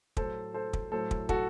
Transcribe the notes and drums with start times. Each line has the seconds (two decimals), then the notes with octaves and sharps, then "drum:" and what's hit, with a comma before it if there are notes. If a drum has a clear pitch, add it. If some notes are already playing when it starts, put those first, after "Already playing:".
0.17 A2 F#3 A4 C5, drum: kick
0.54 A4 C5
0.73 drum: kick
0.92 A2 F#3 A4 C5
1.11 drum: kick
1.29 F#4 A4, drum: kick